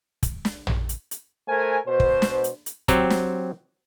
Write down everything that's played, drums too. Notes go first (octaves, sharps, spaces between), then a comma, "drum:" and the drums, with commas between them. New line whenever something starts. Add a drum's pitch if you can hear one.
drum: kick, hi-hat
drum: snare
drum: tom
drum: hi-hat
drum: hi-hat
A3 A#4 C5 G#5
B2 C5
drum: kick
drum: snare
drum: hi-hat
drum: hi-hat
F#3 C4 G4 A#5, drum: kick, hi-hat
drum: snare